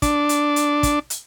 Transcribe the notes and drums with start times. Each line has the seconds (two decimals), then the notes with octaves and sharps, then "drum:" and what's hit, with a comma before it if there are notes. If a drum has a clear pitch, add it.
0.02 D4, drum: kick, hi-hat
0.29 drum: hi-hat
0.56 drum: hi-hat
0.83 drum: kick, hi-hat
1.10 drum: hi-hat